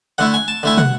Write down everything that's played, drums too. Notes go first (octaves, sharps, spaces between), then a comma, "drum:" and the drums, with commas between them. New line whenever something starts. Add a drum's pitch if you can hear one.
D3 A3 E4 F#5
G#5
A5
D3 A3 E4 G#5
F#5, drum: tom